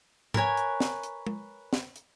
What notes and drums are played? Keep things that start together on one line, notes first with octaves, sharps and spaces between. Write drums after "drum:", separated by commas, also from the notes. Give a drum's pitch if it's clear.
A#4 B4 C#5 G#5, drum: tom G#2
drum: hi-hat
drum: snare
drum: hi-hat
drum: tom G#3
drum: snare
drum: hi-hat